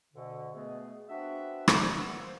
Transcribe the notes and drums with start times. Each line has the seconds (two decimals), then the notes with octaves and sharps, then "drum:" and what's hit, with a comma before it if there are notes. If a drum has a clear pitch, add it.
0.14 D2 B2 D3
0.54 B2 G#3 A3 B3 G#4
1.09 B3 C4 D4 F#4 E5
1.68 D4 F#4 C5, drum: rim click
1.97 A#3 B3 C#6 E6
2.19 C5